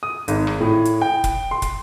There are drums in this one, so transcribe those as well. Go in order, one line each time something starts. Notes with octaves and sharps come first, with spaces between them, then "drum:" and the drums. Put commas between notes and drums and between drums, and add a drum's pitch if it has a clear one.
D#6
G#1, drum: hi-hat
drum: rim click
A2
drum: hi-hat
G5
drum: kick, hi-hat
C6
drum: kick, hi-hat